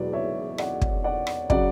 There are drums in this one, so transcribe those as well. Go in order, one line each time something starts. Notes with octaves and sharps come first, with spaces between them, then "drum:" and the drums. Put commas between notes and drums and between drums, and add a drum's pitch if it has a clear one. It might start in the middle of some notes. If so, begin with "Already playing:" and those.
Already playing: E1 E2 B2 F#3 B4 D5
C#5 E5
D5 F#5, drum: rim click
drum: kick
D5 F#5
drum: rim click
C#3 F#3 D5 F#5, drum: kick